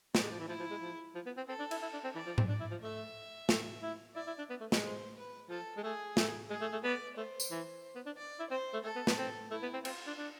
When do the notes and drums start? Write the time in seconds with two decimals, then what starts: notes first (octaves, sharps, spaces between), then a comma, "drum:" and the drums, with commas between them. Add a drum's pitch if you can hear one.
0.15 C4 D5, drum: snare
0.23 G#3
0.31 F3
0.40 E3
0.48 F3 E4
0.60 F3
0.70 G#3
0.82 F3
1.15 F3
1.26 B3
1.37 C4
1.48 C4 A4
1.59 D4
1.71 E4, drum: cymbal
1.82 E4
1.93 D4
2.04 C4
2.15 E3 D5
2.26 F3
2.38 C4, drum: tom G#2
2.49 D4 D5
2.60 E4
2.71 F3
2.82 A3 E5
3.49 A3, drum: snare
3.83 E4
4.16 E4 D5
4.27 E4
4.38 D4
4.50 B3
4.61 A3
4.72 G#3, drum: snare
4.84 C5
5.17 B4
5.49 F3 A4
5.77 G#3
5.83 A3 G#4
6.17 A3, drum: snare
6.50 G#3 G#4
6.61 A3
6.72 A3
6.84 B3 D5
7.17 A3 C5
7.40 drum: tambourine
7.51 E3
7.95 B3
8.06 D4
8.18 D5
8.40 E4
8.50 C4 C5
8.73 A3
8.84 A3 A4
8.96 B3
9.07 B3, drum: snare
9.18 C4
9.51 A3 E4
9.63 B3
9.74 C4
9.85 C4 F4, drum: cymbal
10.07 D4
10.18 D4